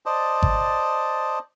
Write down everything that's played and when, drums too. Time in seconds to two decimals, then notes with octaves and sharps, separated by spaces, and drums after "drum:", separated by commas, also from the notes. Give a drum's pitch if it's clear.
0.06 C5 D5 D#5 A5
0.42 drum: kick G#1